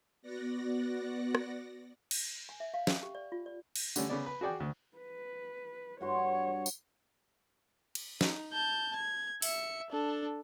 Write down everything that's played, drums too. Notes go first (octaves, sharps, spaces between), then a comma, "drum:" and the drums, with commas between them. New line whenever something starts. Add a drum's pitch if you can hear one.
B3 F#4 D5 F#5 A#6
drum: rim click
drum: cymbal
G#5
E5
F5
G5, drum: snare
G4
D5
F4
D5
drum: cymbal
D3 G3 A3 C#4, drum: tambourine
C#3 B3 D5
B4
F#4 G#4 D5 G5
D2
B4
G2 F#4 C#5 C6
drum: tambourine
drum: cymbal
D#4, drum: snare
A5 G6
G#6
E5 C#7, drum: open hi-hat
D4 A4